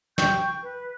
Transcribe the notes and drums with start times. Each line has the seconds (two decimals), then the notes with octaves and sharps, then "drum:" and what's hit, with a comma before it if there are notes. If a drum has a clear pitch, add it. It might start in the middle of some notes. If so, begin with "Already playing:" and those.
0.18 G5 C#6 G6, drum: snare
0.62 B4